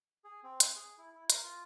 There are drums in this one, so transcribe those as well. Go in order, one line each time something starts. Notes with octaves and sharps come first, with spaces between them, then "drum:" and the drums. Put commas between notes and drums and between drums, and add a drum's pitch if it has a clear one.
G#4
C4
drum: hi-hat
G#4
E4
E4
A#4, drum: hi-hat
F4